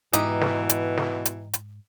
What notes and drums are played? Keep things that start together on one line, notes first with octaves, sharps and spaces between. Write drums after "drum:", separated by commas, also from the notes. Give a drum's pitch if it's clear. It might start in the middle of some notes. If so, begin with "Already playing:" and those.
G#2 B2 E3 D#4 G4, drum: hi-hat
drum: snare
drum: hi-hat
drum: snare
drum: hi-hat
drum: hi-hat